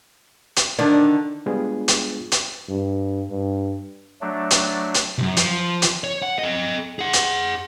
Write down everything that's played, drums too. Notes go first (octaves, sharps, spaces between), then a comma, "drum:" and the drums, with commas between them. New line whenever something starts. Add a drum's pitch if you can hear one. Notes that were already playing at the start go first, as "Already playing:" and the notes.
drum: hi-hat
D3 D#3 D4
G3 G#3 B3 D4 F4 G#4
drum: hi-hat
drum: hi-hat
G2
G2
F#3 A3 D4
drum: hi-hat
drum: hi-hat
C2 F#2
F3, drum: hi-hat
drum: hi-hat
C#5
F#5
A4 D#5
G#4 F#5
drum: hi-hat